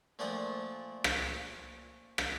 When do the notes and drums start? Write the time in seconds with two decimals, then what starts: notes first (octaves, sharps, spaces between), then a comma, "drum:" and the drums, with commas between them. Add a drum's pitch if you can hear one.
0.19 A#2 F3 A3 D4 F#5 D#6
1.04 drum: rim click
2.18 drum: rim click